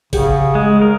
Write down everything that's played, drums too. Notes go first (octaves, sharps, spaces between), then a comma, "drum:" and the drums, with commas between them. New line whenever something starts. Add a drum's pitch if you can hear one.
C#3 G4 G#4 F#5, drum: kick, open hi-hat
G#3
A#4